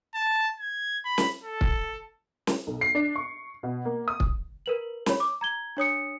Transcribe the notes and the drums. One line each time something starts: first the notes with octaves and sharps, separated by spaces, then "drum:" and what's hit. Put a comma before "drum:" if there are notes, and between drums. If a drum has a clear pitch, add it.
A5
G#6
B5
drum: snare
A4
drum: kick
drum: snare
B1
C7
D4
C#6
B2
A#3
D#6
drum: kick
A#4 B4 F#7
C#5 B5, drum: snare
D6
A#5 G#6 G7
D4 C#5 D#6 C#7